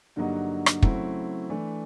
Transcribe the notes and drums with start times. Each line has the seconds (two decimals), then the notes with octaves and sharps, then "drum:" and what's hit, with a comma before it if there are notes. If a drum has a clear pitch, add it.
0.16 G2 D3 F#3 A#3 D#4
0.66 drum: rim click
0.82 C#3 F#3 A3 C4 E4, drum: kick
1.50 E3 A3 D4